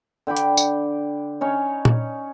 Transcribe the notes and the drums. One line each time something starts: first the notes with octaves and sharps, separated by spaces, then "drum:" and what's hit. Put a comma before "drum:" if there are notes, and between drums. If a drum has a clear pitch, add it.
D3 G5 B5 D6
drum: hi-hat
drum: tambourine
C#4 D#4 C#5
drum: tom A#2